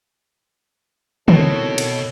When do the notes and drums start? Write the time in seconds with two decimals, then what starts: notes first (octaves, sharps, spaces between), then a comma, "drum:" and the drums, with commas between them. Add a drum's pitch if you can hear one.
1.28 B2 D#3 C4 E4 A4 C#5 A5, drum: tom
1.78 drum: cymbal